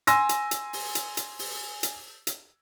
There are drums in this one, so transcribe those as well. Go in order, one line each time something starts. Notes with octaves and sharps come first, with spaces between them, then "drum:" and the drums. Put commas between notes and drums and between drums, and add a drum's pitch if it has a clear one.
G#5 C6 E6 A#6, drum: hi-hat
drum: hi-hat
drum: hi-hat
drum: open hi-hat
drum: hi-hat
drum: hi-hat
drum: open hi-hat
drum: hi-hat
drum: hi-hat